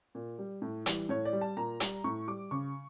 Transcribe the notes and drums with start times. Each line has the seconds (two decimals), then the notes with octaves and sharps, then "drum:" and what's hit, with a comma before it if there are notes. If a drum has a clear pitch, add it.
0.15 A#2
0.39 G3
0.62 A2
0.86 E3 G3, drum: hi-hat
1.09 A2 C#5
1.25 D5
1.33 G3
1.41 A5
1.57 A#2 A#5
1.80 G3, drum: hi-hat
2.04 A2 C#6
2.28 G3 D6
2.51 C#3 C#6